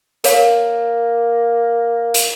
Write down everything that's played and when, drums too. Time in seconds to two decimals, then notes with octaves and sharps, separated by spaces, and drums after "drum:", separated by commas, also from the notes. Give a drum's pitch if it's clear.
0.24 A#3 A#4 C#5 F5, drum: hi-hat
2.14 drum: hi-hat